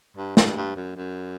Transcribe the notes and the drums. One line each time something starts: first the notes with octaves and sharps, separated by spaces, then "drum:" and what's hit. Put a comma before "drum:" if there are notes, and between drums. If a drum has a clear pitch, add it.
G2
G2, drum: snare
G2
F#2
F#2